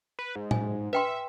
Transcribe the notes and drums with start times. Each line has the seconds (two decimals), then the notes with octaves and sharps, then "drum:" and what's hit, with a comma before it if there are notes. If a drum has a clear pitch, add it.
0.19 B4
0.36 G#2
0.51 G#5, drum: tom A2
0.93 B4 E5 G5 C6